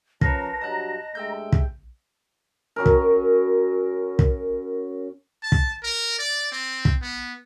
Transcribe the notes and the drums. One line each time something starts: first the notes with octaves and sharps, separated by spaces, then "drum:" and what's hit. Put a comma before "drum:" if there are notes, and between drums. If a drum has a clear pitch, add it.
F3 C#4 A#4 B4 A5 A#5, drum: kick
G2 F#3 D#5 A5 F#6
G2 G#3 A3 G5 E6 G6
drum: kick
F#2 C#4 A#4
drum: kick
drum: kick
A5
drum: kick
A#4
D5
C4
drum: kick
B3